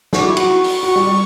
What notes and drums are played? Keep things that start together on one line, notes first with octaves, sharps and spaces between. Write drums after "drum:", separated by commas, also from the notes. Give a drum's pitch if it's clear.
F#4 C#6, drum: snare
D6
E4 C#6
F#4, drum: cymbal
drum: open hi-hat
F#4 C#6
G3
G3